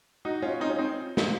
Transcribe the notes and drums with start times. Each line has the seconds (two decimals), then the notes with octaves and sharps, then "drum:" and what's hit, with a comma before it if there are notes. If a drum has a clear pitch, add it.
0.25 D#4 F#4
0.42 C#4 F4
0.60 C4 D#4
0.69 C#4 F4
0.78 C4 D#4
1.17 drum: snare